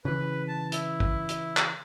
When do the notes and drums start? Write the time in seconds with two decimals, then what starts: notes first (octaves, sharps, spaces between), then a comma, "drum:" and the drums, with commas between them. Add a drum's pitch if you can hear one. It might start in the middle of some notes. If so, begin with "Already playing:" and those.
0.05 C#3 E3 B4
0.48 A5
0.72 E4, drum: hi-hat
1.00 drum: kick
1.29 drum: hi-hat
1.57 drum: clap